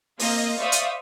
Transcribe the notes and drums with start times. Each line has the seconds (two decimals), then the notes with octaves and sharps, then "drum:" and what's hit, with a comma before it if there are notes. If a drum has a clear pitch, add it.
0.19 A#3 C4 D#5 F5, drum: open hi-hat
0.59 C5 D5 E5 F5 C#6 D#6
0.72 drum: hi-hat